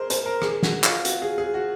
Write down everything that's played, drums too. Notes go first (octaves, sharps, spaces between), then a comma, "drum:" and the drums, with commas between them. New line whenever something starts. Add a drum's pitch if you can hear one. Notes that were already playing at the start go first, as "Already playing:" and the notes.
Already playing: G#4 A#4 C5
C5, drum: hi-hat
A#4
G#4, drum: rim click
F#4, drum: snare
F4, drum: clap
F#4, drum: hi-hat
G#4
G#4
F#4